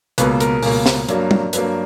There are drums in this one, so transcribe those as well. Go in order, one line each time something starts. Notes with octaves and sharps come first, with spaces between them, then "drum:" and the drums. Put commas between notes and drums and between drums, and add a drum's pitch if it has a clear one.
C#2 B2 A#3 B4, drum: hi-hat
A#4, drum: hi-hat
C#2 B2 A#3, drum: open hi-hat
drum: snare
G2 F#3 A#3, drum: hi-hat
drum: tom
G2 F#3 A#3 B4, drum: hi-hat